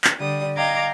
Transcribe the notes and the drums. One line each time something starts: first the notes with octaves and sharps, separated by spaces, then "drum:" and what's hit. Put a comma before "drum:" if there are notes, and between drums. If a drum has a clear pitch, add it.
drum: clap
D3 G3 D#6
D#5 F5 G5 A#5 D6 G#6